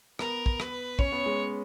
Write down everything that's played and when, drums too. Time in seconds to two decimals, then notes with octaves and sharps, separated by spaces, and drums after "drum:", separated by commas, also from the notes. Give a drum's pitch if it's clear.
0.19 B3 A#4, drum: rim click
0.46 drum: kick
0.60 B4, drum: rim click
0.99 C#4 C#5, drum: kick
1.12 B3
1.26 G#3